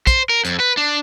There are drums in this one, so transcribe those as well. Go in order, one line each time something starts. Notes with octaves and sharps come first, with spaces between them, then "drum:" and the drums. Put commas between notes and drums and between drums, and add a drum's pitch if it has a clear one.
C5, drum: kick, hi-hat
A#4
F2, drum: hi-hat
B4
D4